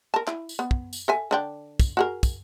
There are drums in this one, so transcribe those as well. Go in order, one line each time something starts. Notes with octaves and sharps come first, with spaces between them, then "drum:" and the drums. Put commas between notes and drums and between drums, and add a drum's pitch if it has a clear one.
A#4 A5
E4, drum: clap
drum: tambourine
B3
drum: kick
drum: tambourine
A4 E5 G#5
D3 D4 G5
drum: kick, tambourine
F#4 G#4 A#4
drum: kick, tambourine